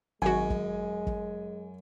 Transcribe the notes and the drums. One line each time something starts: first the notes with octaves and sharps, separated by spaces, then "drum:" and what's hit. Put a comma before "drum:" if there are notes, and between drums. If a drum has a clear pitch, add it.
G#1 F#2 G#3 F#4 G#5
drum: kick
drum: kick